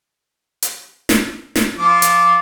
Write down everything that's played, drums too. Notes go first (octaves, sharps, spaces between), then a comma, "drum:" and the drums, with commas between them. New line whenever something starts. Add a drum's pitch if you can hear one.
drum: hi-hat
drum: snare
drum: snare
F3 D6
drum: hi-hat